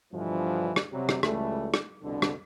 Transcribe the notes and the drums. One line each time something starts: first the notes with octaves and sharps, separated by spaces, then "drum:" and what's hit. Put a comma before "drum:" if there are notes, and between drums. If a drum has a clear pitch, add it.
G2 B2 D3 E3 F3
drum: rim click
C3 F#3 G3
drum: rim click
C#2 E3 G3 A3, drum: rim click
drum: rim click
C2 F2 B2 D3
drum: rim click